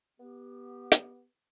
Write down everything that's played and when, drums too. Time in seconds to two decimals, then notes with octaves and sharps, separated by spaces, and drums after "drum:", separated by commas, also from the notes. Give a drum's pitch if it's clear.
0.20 B3 G4
0.92 drum: hi-hat